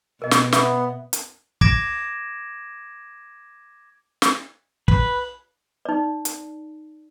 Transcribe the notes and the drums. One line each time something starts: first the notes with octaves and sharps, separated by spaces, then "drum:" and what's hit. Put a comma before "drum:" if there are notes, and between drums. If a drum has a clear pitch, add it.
B2 A#4 D#5
drum: snare
B3 E5, drum: snare
drum: hi-hat
D6 G#6 A#6 D7 E7, drum: kick
drum: snare
B4, drum: kick
D#4 D5
drum: hi-hat